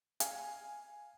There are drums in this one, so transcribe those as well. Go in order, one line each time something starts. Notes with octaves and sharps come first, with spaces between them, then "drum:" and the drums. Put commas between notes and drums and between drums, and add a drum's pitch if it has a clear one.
F5 G#5, drum: hi-hat